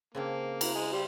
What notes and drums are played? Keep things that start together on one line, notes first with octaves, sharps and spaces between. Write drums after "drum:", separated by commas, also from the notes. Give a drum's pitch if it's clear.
C#3 A#3 C4 D4
E4 A#5, drum: cymbal
G#3
G3 G4 C5